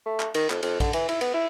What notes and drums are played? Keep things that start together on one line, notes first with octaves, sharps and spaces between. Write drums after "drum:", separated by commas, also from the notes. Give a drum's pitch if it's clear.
A3
drum: clap
D#3, drum: cymbal
F2, drum: clap
F2, drum: cymbal
D3, drum: kick, cymbal
E3, drum: cymbal
E4, drum: cymbal
B3, drum: cymbal
E4